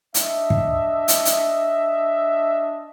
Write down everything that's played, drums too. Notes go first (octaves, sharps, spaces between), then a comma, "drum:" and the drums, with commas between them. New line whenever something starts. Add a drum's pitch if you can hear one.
D4 D#5 E5, drum: hi-hat
drum: kick
drum: hi-hat
drum: hi-hat